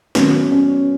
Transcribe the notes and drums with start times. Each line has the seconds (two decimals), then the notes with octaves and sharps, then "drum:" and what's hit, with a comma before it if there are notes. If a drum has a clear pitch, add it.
0.15 D#3 F#3 B3 C#4, drum: snare
0.52 C#4